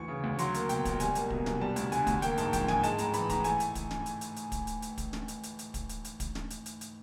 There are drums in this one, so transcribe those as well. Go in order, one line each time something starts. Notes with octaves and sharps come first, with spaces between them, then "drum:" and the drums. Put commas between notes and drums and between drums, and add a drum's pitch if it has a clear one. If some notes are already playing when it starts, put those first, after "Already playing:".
Already playing: D2 E3 C#6
C#3
D2
F#3 C6, drum: hi-hat
A#3, drum: hi-hat
B2 G5, drum: hi-hat
C#2, drum: kick, hi-hat
G3 G#5, drum: hi-hat
A#3, drum: hi-hat
B2, drum: kick
C2, drum: snare
G3 A5
D2, drum: hi-hat
D3 G#5, drum: hi-hat
D2, drum: kick, hi-hat
A#3 G5, drum: hi-hat
G#2 A5, drum: hi-hat
F3 G5, drum: kick, hi-hat
G#2 G#5, drum: snare
G#3 A5, drum: hi-hat
A2 A#5, drum: hi-hat
E3 B5, drum: hi-hat
A2 A#5, drum: kick, hi-hat
A3 G#5, drum: hi-hat
drum: hi-hat
drum: kick, hi-hat
drum: snare
drum: hi-hat
drum: hi-hat
drum: hi-hat
drum: kick, hi-hat
drum: hi-hat
drum: hi-hat
drum: kick, hi-hat
drum: snare
drum: hi-hat
drum: hi-hat
drum: hi-hat
drum: kick, hi-hat
drum: hi-hat
drum: hi-hat
drum: kick, hi-hat
drum: snare
drum: hi-hat
drum: hi-hat
drum: hi-hat